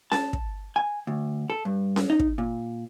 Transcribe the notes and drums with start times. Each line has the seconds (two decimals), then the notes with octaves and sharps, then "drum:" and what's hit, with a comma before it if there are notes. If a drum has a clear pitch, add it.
0.12 A5, drum: snare C#4
0.33 drum: kick
0.76 G#5
1.07 D2
1.50 A4
1.65 G2
1.96 drum: snare C#4
2.10 D#4
2.19 drum: kick
2.38 A#2